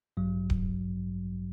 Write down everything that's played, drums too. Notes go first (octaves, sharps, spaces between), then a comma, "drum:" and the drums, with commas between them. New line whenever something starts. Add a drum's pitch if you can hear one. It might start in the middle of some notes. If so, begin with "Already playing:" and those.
A1 G2 F#3
drum: kick D1